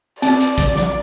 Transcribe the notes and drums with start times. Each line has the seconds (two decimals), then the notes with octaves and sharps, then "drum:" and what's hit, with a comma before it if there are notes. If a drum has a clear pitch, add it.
0.22 C4 D5, drum: hi-hat
0.40 drum: hi-hat
0.58 drum: kick, hi-hat
0.75 drum: snare